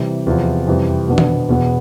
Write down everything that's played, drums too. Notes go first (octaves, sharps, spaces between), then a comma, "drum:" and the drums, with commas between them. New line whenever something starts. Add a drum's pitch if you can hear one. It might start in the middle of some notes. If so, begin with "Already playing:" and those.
Already playing: C3 E3 G3
E2 C3 F3
F2 C3 E3 G3
B2 B3 D4
drum: tom D#3
E2 B2 B3